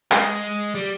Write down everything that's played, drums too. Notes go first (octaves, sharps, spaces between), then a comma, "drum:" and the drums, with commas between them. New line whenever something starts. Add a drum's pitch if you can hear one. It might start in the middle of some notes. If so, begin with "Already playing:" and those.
G#3, drum: clap
G3